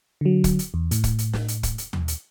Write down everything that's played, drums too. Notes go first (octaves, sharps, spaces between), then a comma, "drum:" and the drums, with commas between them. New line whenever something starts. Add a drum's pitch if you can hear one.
D3 F#3
drum: kick, hi-hat
drum: hi-hat
E2
A2, drum: hi-hat
drum: kick, hi-hat
drum: hi-hat
drum: snare
drum: hi-hat
drum: kick, hi-hat
drum: hi-hat
drum: tom D#2
drum: hi-hat